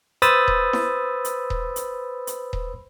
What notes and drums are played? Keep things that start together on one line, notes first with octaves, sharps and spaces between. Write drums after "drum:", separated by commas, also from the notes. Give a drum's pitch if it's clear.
B4 C5 B5 D#6 E6 A6, drum: hi-hat
drum: kick D#1
drum: snare E4
drum: hi-hat
drum: kick D#1
drum: hi-hat
drum: hi-hat
drum: kick D#1